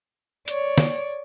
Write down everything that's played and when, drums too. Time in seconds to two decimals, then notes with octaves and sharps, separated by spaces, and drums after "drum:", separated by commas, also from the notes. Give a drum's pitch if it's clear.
0.48 C#5 D5, drum: hi-hat
0.78 drum: snare